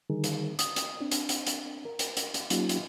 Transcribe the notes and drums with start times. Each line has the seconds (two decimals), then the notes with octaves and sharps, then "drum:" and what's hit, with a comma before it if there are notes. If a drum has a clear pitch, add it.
0.10 D3 D#3 G3 D#4 G#4 A#4
0.24 drum: hi-hat
0.59 D#6, drum: hi-hat
0.76 drum: hi-hat
1.00 C4 D4
1.11 drum: hi-hat
1.29 drum: hi-hat
1.47 drum: hi-hat
1.85 A#4
1.99 drum: hi-hat
2.17 drum: hi-hat
2.34 drum: hi-hat
2.50 F#3 A#3 C#4 D#4 F4 G4, drum: hi-hat
2.69 drum: hi-hat